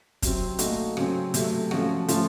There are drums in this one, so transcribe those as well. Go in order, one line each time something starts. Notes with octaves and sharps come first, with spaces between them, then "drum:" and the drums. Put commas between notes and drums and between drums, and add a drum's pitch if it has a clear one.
C3 F#3 C4, drum: kick, hi-hat
A#2 A3 D#4 F#4, drum: hi-hat
C#3 F#3 C4, drum: rim click
C3 F#3 A3, drum: hi-hat
F3 A3 C#4 F#4, drum: rim click
F3 A3 C#4 F4, drum: hi-hat